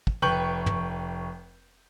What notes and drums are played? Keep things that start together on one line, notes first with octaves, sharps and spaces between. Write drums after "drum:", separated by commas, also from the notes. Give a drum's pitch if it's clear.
drum: kick
F1 B4 G5 C#6 G6 F#7
drum: tom